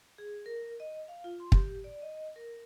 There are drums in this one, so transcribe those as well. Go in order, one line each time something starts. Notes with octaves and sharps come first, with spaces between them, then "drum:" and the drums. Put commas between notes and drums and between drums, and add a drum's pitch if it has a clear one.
G#4
A#4
D#5
F5
F4
C6
G4, drum: kick
D5
D#5
A#4